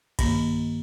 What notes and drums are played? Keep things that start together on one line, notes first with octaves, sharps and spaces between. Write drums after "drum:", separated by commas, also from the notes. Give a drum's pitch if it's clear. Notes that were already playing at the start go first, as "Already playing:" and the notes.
G2 D#3 A#3, drum: kick A#1, cymbal